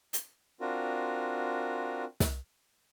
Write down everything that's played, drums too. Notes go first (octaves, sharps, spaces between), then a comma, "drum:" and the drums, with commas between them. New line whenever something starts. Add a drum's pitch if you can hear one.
drum: hi-hat
C4 D4 F4 F#4 A#4
drum: snare